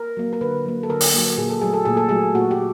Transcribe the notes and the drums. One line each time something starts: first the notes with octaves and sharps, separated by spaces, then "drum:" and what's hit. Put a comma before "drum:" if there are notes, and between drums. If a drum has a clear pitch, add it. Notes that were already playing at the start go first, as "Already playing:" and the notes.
Already playing: A#4
F#3 A#3
A#4
D3 B4
F#3 A#3
A4
D3 A#4
drum: open hi-hat
F#3 A#3
A#2 G#4
A4
F#3 A3 G#4
A4
A#2 G#4
A4
F#3 A3 G#4
A#2 F#4
G4